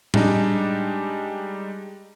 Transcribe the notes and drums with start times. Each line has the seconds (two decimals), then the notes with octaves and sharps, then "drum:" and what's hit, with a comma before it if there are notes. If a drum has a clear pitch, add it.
0.14 G3 G#3 D4 D#4, drum: tom A2